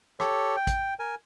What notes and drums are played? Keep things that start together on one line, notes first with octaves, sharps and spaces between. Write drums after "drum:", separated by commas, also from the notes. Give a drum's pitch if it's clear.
G4 A4 C#5, drum: rim click
G5
drum: kick, hi-hat
A#4 G#5